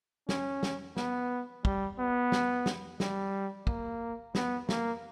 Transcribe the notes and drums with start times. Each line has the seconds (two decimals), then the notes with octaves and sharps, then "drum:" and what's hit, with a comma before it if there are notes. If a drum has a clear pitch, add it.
0.29 C#4, drum: snare
0.63 drum: snare
0.96 B3, drum: snare
1.65 G3, drum: kick
1.98 B3
2.32 drum: snare
2.66 drum: snare
3.00 G3, drum: snare
3.67 A#3, drum: kick
4.35 B3, drum: snare
4.69 A#3, drum: snare